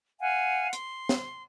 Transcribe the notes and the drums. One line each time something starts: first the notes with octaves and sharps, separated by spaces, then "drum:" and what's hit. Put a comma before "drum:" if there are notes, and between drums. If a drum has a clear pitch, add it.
F5 F#5 G#5
C6, drum: hi-hat
drum: snare